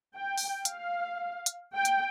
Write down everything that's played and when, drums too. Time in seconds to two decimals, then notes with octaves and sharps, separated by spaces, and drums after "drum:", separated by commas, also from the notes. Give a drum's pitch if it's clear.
0.15 G5
0.38 drum: open hi-hat
0.65 F5, drum: hi-hat
1.46 drum: hi-hat
1.74 G5
1.85 drum: hi-hat